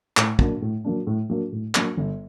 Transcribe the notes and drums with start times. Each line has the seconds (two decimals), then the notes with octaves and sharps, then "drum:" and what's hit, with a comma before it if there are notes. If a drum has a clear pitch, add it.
0.17 A2, drum: clap
0.39 F#3 A#3 D4, drum: kick
0.62 A2
0.84 F#3 A#3 D4
1.07 A2
1.30 F#3 A#3 D4
1.52 A2
1.75 F#3 A#3 D4, drum: clap
1.97 G1